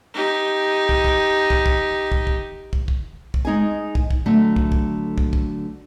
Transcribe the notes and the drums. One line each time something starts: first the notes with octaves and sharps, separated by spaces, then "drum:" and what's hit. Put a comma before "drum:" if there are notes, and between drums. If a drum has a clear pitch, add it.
D#4 G4
drum: kick
drum: kick
drum: kick
drum: kick
drum: kick
drum: kick
drum: kick
drum: kick
drum: kick
G#3 D#4 G#4 G#5
drum: kick
drum: kick
D3 F#3 A3
drum: kick
drum: kick
drum: kick
drum: kick